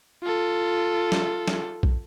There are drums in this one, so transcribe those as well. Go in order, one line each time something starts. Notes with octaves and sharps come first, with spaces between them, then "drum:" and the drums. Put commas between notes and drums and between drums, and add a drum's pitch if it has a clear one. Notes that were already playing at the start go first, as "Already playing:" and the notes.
F4 A4
drum: snare
drum: snare
drum: kick A#1